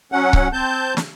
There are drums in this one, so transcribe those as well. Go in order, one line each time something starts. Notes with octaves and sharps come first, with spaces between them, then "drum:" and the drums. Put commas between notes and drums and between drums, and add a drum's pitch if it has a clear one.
F#3 C#4 F#5
drum: kick C#1
C4 A5 G6
drum: snare